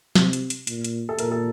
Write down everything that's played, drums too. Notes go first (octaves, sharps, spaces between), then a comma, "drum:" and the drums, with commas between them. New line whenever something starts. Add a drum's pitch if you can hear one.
C3, drum: snare
drum: hi-hat
drum: hi-hat
A#2, drum: hi-hat
drum: hi-hat
A4
A#2 A#4, drum: hi-hat
A4